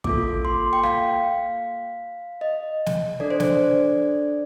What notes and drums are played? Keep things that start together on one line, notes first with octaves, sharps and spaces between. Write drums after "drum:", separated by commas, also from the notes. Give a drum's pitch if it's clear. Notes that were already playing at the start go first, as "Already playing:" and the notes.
A#3 F4 A4 D6, drum: kick
C6
G5
F5, drum: rim click
D#5
drum: snare
D4 A4 D5
C5
D5, drum: snare